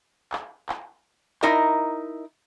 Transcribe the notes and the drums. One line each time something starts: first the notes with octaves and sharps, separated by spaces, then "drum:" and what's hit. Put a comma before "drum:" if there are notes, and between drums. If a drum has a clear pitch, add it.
drum: clap
drum: clap
D#4 E4 A#4 D#5, drum: clap